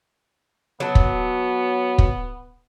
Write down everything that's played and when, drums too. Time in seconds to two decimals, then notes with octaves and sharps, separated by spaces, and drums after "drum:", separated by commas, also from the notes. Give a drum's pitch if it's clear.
0.80 F#3 B3 A5
0.95 drum: kick
1.98 drum: kick